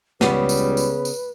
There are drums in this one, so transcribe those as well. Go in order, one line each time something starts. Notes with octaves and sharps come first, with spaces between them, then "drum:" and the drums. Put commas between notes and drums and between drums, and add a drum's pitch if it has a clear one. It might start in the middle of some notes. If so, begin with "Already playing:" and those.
C#2 C#3 G3 B3 B4, drum: snare
drum: tambourine
drum: tambourine
drum: tambourine